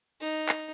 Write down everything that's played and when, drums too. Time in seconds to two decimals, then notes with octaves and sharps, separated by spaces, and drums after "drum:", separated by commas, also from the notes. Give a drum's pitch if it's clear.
0.21 D#4
0.49 drum: clap